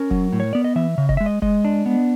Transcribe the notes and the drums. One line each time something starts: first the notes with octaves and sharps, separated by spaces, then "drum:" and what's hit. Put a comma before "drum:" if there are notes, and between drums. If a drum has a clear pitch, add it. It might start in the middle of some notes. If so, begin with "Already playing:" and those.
Already playing: C#4 A#4
F#3, drum: kick F1
A2
C#5
B3 D5
D#5
E3 E5
C#3
D#5, drum: kick F1
G#3 E5
D#5
G#3 D#5, drum: kick F1
D4
B3